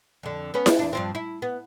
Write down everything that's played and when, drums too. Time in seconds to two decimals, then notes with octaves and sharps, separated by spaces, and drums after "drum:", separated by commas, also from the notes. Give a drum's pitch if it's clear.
0.23 F2 D3
0.54 B3 C#4 B4
0.66 drum: snare E4
0.79 E2 D4
0.93 G2 F3 C4
1.15 E4
1.42 B3